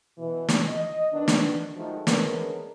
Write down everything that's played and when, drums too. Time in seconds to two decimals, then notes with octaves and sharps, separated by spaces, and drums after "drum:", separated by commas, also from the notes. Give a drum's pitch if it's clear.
0.18 B2 E3
0.49 drum: snare
0.68 D#5
1.13 D#3 B3 D4
1.28 drum: snare
1.75 D#3 F3 G#3 A3 D#4 F#4
2.07 G#3 B3 C#4 D4 A#4, drum: snare